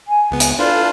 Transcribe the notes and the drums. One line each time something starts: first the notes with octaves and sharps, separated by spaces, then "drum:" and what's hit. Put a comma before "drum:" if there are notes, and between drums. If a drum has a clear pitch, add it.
G#5
C#2 B3
drum: hi-hat
D4 E4 F4 A4 B4 C5 D5